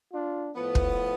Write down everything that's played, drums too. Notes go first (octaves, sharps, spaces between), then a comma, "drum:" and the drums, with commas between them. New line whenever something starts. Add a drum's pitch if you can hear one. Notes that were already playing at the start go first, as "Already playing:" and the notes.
D4 F4
A2 F3 B3
drum: kick